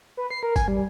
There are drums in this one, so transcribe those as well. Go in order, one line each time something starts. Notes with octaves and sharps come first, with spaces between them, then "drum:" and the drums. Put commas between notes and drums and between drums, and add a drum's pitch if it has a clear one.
B4
C7
A#4
G#5, drum: kick, tambourine
G3